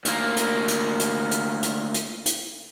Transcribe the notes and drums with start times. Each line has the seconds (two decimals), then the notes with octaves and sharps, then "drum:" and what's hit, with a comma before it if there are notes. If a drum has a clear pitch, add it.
0.05 D2 A#3, drum: hi-hat
0.36 drum: hi-hat
0.68 drum: hi-hat
1.00 drum: hi-hat
1.31 drum: hi-hat
1.63 drum: hi-hat
1.94 drum: hi-hat
2.26 drum: hi-hat